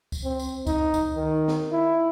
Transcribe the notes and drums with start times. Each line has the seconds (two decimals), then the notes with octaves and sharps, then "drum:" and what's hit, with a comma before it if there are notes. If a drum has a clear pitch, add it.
0.12 drum: kick C#2, tambourine
0.24 C4
0.39 drum: tambourine
0.67 D#4, drum: kick C#2, tambourine
0.94 drum: kick C#2, tambourine
1.16 D#3
1.48 drum: snare
1.72 E4